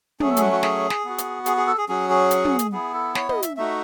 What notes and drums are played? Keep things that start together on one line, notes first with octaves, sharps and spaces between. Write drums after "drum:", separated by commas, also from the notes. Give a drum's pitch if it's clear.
F#3 A3 C#4 G#4, drum: tom
A4
G#4, drum: hi-hat
F#4
F#4
G#4, drum: snare
drum: snare
B3 F#4
drum: hi-hat
G#4, drum: hi-hat
G#4
A4
G#4
F#3 C#4 F#4 G#4
G#4
drum: hi-hat
drum: tom
drum: hi-hat
B3 E4 G#4
A4
C#5, drum: snare
D#5, drum: tom
E5, drum: hi-hat
A3 D#4 F#4 E5